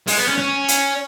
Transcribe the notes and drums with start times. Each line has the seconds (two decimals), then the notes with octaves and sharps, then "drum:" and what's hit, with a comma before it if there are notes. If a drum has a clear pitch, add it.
0.07 G#3, drum: open hi-hat
0.18 B3
0.28 C#4
0.38 C#4
0.68 drum: hi-hat